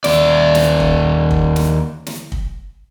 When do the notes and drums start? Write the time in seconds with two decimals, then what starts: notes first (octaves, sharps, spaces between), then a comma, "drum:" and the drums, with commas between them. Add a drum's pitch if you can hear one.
0.04 D#2 D5, drum: snare
0.55 drum: snare
0.80 drum: kick
1.31 drum: kick
1.56 drum: snare
2.07 drum: snare
2.32 drum: kick